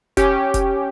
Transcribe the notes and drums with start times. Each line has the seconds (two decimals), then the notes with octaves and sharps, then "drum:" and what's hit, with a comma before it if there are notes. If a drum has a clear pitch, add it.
0.17 C#4 G4, drum: kick F1, hi-hat
0.54 drum: kick F1, hi-hat